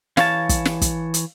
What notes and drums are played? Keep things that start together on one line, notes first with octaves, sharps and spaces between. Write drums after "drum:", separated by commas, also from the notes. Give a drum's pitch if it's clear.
E3 C#5 F5 A5, drum: snare
drum: kick, hi-hat
drum: snare
drum: kick, hi-hat
drum: hi-hat